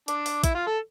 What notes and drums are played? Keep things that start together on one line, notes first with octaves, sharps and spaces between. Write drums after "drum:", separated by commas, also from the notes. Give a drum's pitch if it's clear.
D4, drum: hi-hat
drum: open hi-hat
E4, drum: kick, hi-hat
F4
A4